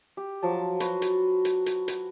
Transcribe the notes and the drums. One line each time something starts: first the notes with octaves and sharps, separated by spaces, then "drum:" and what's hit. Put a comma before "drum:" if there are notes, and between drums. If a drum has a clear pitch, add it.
G4
F3 F#3 A5
F#4 B4 C6, drum: hi-hat
drum: hi-hat
drum: hi-hat
drum: hi-hat
drum: hi-hat